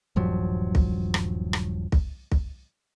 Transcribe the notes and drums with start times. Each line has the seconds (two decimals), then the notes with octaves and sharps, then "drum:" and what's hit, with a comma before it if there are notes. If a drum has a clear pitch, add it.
0.16 D#1 G2 F3 F#3
0.75 drum: kick
1.14 drum: rim click
1.53 drum: rim click
1.92 drum: kick
2.32 drum: kick